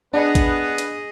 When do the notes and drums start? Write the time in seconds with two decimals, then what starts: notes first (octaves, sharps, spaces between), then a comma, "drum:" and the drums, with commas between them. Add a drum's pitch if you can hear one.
0.14 B3 D4 G#4 B4 D#5
0.35 drum: kick A1, hi-hat
0.78 drum: hi-hat